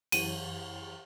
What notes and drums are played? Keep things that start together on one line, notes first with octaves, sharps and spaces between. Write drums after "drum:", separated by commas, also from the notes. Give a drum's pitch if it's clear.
F#2 E3 D#7, drum: cymbal